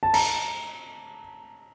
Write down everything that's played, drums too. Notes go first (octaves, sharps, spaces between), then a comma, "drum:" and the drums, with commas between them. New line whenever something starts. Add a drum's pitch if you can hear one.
A5
A#5, drum: cymbal